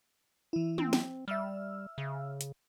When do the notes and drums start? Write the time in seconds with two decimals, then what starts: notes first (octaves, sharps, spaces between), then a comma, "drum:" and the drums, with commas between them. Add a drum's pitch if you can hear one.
0.53 E3 E4
0.78 C4, drum: tom
0.93 drum: snare
1.28 G3 E5 E6 F6
1.98 C#3
2.41 drum: hi-hat